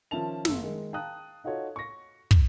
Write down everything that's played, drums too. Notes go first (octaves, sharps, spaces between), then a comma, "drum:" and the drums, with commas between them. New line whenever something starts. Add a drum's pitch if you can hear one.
D#3 F3 C#4 E5 A5 F7
F#1 E6, drum: snare
D#3 G#3
F5 G5 A5 A#5 D#6 F#6
D#4 F4 F#4 A4 C#5
C#6 A#6
drum: kick